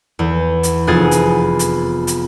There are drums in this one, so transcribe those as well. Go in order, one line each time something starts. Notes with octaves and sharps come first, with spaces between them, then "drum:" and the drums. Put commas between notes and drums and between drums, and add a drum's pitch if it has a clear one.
E2
drum: hi-hat
F1 B3 F4 G#4 A6
drum: hi-hat
drum: hi-hat
drum: hi-hat